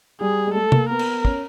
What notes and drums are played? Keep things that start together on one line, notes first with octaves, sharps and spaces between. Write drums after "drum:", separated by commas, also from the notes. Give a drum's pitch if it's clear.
G3 G#4
G#3
A3 A4
A#3, drum: tom C3
B3 A#4
drum: cymbal
C#4, drum: kick